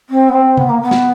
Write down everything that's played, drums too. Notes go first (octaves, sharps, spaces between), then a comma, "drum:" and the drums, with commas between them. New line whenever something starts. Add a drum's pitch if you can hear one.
C4
B3
C4
B3, drum: tom C3
A#3
B3
drum: snare